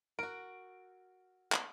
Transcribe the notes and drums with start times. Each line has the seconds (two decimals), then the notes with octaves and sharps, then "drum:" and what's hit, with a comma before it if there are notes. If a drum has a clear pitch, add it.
0.19 F#4 A#4 D7
1.52 drum: clap